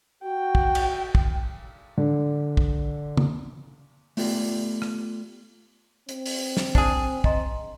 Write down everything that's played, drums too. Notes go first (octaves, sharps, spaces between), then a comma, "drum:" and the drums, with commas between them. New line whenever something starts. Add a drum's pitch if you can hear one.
F#4 G5
drum: kick
drum: cymbal
drum: kick
D3
drum: kick
drum: tom
A3 B3 F4 G4 A4 D5, drum: open hi-hat
drum: rim click
C4, drum: hi-hat
drum: open hi-hat
drum: snare
D4 G#4 B4 A5, drum: kick
D#5 A#5 C6, drum: kick